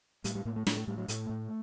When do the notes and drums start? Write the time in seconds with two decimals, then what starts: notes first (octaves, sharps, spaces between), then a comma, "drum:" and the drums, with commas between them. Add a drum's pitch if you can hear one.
0.24 A2 G3, drum: hi-hat
0.35 G3
0.45 A2 A#3
0.56 A3
0.67 A2 A3, drum: snare
0.77 A3
0.87 A2 G3
0.98 F#3
1.08 A2 A3, drum: hi-hat
1.29 A2